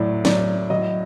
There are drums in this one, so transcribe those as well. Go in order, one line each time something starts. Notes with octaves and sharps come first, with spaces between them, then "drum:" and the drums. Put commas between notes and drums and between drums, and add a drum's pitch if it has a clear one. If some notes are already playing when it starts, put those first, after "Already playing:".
Already playing: A2 F#3 D5
F#3 D5, drum: snare
F#3 D#5